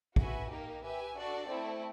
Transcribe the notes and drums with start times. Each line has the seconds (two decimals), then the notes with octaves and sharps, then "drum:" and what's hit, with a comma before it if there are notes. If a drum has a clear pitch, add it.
0.16 F#4 B4 E5 G#5, drum: kick
0.49 A#3 D#4 G4 A#4
0.83 G4 B4 E5 G#5
1.16 D4 F#4 A4 D5
1.49 A3 C4 E4